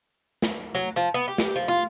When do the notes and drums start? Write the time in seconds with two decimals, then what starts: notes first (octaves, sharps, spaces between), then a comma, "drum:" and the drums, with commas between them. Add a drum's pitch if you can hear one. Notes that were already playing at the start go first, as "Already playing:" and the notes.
0.42 drum: snare
0.75 F#3
0.96 F3
1.14 B3
1.28 G4
1.38 drum: snare
1.56 F3
1.68 F4